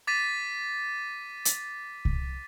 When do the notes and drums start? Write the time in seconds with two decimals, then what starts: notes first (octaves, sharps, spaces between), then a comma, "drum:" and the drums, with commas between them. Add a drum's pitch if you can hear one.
0.07 D6 A6 B6 D#7
1.45 drum: hi-hat
2.05 drum: kick C2